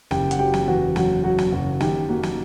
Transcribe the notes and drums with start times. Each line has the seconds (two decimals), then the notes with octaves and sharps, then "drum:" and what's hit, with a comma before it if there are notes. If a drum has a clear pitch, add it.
0.11 F#1 G4 G5, drum: snare
0.31 F#5, drum: hi-hat
0.39 F#3 G4 G5
0.54 drum: snare
0.67 E2 F#4 F#5
0.96 F#3 F#4 F#5, drum: snare
1.24 F#3 F#4 F#5
1.38 drum: snare
1.52 F#1 F#4 F#5
1.80 D#3 G4 G5, drum: snare
2.09 A#3 F#4 F#5
2.23 drum: snare